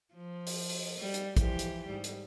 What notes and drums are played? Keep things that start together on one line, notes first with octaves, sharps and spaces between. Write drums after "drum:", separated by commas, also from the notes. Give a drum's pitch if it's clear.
F3
drum: open hi-hat
drum: open hi-hat
G3
drum: hi-hat
E3 F3 G4, drum: kick, hi-hat
drum: hi-hat
G#2 G3
drum: hi-hat